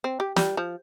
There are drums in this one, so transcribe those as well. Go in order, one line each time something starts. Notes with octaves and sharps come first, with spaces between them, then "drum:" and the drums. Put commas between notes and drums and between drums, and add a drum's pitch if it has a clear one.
C4
G4
G3, drum: snare
F3